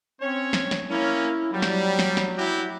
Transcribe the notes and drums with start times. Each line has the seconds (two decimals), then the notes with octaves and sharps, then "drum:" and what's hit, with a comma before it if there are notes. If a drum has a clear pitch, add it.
0.21 C4 C#4 C#5
0.53 drum: snare
0.71 drum: snare
0.90 A#3 C#4 E4
1.53 F#3 G3
1.62 drum: snare
1.99 drum: snare
2.17 drum: snare
2.38 E4 F#4 G4